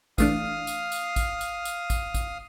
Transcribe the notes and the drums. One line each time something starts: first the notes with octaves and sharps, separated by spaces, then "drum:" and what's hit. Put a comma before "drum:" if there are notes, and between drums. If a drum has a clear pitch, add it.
E3 A3 D4 F5 D#6 F6, drum: kick A1, tambourine
drum: tambourine
drum: tambourine
drum: kick A1, tambourine
drum: tambourine
drum: tambourine
drum: kick A1, tambourine
drum: kick A1, tambourine